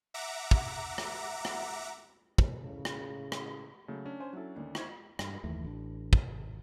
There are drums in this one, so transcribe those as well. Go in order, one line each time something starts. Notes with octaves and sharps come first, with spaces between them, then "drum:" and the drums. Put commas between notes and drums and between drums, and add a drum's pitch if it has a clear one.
E5 F#5 A#5 D6
drum: kick
drum: rim click
drum: rim click
drum: kick
A2 C#3
drum: rim click
drum: rim click
C#3 F#3 A3
C#4 D4
C5 G#5
F#3 E4 A4
D2 D#3 A3
D#4 E4 C5 C#6 G#6, drum: rim click
G2, drum: rim click
F#1 D#2 E3 A3
A1 D4
drum: kick
G#1